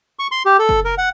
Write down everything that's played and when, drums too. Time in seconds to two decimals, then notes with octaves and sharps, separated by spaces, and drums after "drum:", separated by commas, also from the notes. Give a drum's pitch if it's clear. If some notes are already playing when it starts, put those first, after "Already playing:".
0.19 C#6
0.32 C6
0.46 G4
0.59 A4
0.69 drum: kick
0.85 A#4
0.98 F#5